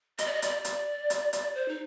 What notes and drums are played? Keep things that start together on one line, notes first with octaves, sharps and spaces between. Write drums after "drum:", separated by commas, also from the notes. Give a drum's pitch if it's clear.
D#5, drum: hi-hat
D5
D#5
D5, drum: hi-hat
drum: hi-hat
drum: hi-hat
drum: hi-hat
C5
D#4